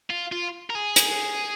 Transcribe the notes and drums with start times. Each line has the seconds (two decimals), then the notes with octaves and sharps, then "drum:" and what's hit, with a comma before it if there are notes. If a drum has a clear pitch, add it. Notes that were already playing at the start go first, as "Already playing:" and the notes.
0.10 F4
0.32 F4
0.70 A#4
0.75 G#4
0.96 drum: hi-hat